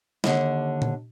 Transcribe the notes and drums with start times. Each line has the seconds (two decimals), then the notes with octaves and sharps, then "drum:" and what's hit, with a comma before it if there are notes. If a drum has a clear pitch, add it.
0.24 D#2 D3, drum: snare
0.82 drum: tom A#2